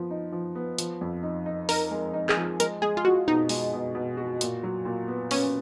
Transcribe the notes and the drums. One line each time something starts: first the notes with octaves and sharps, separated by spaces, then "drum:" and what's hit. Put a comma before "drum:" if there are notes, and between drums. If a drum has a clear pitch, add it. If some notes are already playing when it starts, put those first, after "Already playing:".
Already playing: F3 B3
D#4
F3
B3
F3, drum: hi-hat
F2
D#4
D#4
D#4 A#4, drum: open hi-hat
G#3
D#4
G#4, drum: clap
F3
G#3 A#4, drum: hi-hat
G#3 G#4
F4
G#3 F#4
B2 D#4
G#3, drum: open hi-hat
B2
B2
F#4
A#2, drum: hi-hat
F#3
A#2
B3
B3 C#4, drum: open hi-hat